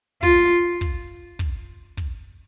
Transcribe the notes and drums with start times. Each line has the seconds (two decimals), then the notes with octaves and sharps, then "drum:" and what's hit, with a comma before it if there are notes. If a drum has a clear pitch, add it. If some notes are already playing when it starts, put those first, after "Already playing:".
0.23 F4, drum: kick
0.81 drum: kick
1.39 drum: kick
1.97 drum: kick